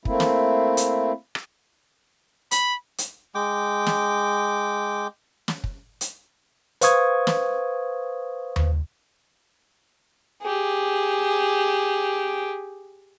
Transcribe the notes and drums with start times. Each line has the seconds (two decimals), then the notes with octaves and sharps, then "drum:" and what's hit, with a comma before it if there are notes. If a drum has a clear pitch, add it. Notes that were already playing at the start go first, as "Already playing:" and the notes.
0.05 A3 A#3 C4 E4, drum: kick
0.20 drum: snare
0.77 drum: hi-hat
1.35 drum: rim click
2.51 B5, drum: hi-hat
2.98 drum: hi-hat
3.35 G#3 G5 D6
3.86 drum: snare
5.48 drum: snare
5.64 drum: kick
6.01 drum: hi-hat
6.81 B4 C5 F5 C#6 D#6 G#6, drum: hi-hat
7.27 drum: snare
8.56 drum: tom D#2
10.43 G4 G#4